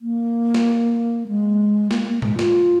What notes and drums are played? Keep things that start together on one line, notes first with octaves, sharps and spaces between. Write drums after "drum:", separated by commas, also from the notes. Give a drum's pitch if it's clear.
A#3
drum: snare
G#3
A#3, drum: snare
A#3
G#3, drum: tom G#2
F4, drum: snare